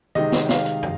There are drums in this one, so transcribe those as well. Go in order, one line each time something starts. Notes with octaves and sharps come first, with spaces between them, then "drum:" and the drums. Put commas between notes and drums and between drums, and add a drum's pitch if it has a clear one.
C3 D#3 G#3 D#5, drum: tom E3
drum: snare
F5, drum: snare
drum: hi-hat
drum: tom